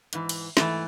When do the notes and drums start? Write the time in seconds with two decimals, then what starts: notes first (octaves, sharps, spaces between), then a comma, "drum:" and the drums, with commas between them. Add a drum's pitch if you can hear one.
0.13 G#2 E3, drum: hi-hat
0.29 drum: cymbal
0.57 G#2 E3 A3, drum: snare